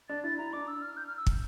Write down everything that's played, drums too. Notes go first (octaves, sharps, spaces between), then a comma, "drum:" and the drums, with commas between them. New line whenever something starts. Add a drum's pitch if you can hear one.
D4 A6
E4 A6
E4 A#5
D4 D6
E6
F6
G6
F6
E6
drum: kick